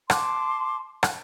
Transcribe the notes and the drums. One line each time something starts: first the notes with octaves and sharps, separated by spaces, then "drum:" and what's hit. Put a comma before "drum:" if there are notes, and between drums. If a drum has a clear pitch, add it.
A5 C6 D6, drum: rim click
drum: rim click